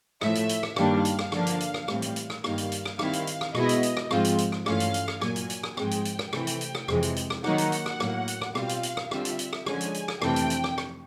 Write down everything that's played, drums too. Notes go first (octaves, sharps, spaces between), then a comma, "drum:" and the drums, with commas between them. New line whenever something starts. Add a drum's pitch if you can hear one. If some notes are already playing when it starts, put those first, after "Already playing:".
A2 F3 A3 E5, drum: rim click
drum: hi-hat
drum: hi-hat
drum: rim click
G2 D#3 G3 A#3 D4 F5, drum: rim click
drum: hi-hat
drum: rim click
D3 F3 A#3 D4, drum: rim click
drum: hi-hat
drum: hi-hat
drum: rim click
A2 E3 G3 C4, drum: rim click
drum: hi-hat
drum: hi-hat
drum: rim click
G2 D#3 G3 A#3 F5, drum: rim click
drum: hi-hat
drum: hi-hat
drum: rim click
D#3 G3 C4 E4 F5, drum: rim click
drum: hi-hat
drum: hi-hat
drum: rim click
B2 G#3 B3 E4 D#5, drum: rim click
drum: hi-hat
drum: hi-hat
drum: rim click
G#2 F3 G#3 C4 F4, drum: rim click
drum: hi-hat
drum: hi-hat
drum: rim click
G2 E3 A3 C#4 F4 F5, drum: rim click
drum: hi-hat
drum: hi-hat
drum: rim click
A#2 F#3 A#3 G#5, drum: rim click
drum: hi-hat
drum: hi-hat
drum: rim click
G#2 F3 G#3 C4 G5, drum: rim click
drum: hi-hat
drum: hi-hat
drum: rim click
C3 E3 A3, drum: rim click
drum: hi-hat
drum: hi-hat
drum: rim click
F2 C3 E3 G#3, drum: rim click
drum: hi-hat
drum: hi-hat
drum: rim click
D#3 F#3 A#3 D#4 F#5, drum: rim click
drum: hi-hat
drum: hi-hat
drum: rim click
A2 F#3 A#3, drum: rim click
drum: hi-hat
drum: rim click
B2 G3 C4 F4 F5, drum: rim click
drum: hi-hat
drum: hi-hat
drum: rim click
D3 G3 C4 F4 E5, drum: rim click
drum: hi-hat
drum: hi-hat
drum: rim click
D3 F3 G#3 C#4 G#5, drum: rim click
drum: hi-hat
drum: hi-hat
drum: rim click
F2 C3 E3 A3 D4 G5, drum: rim click
drum: hi-hat
drum: hi-hat
drum: rim click
drum: rim click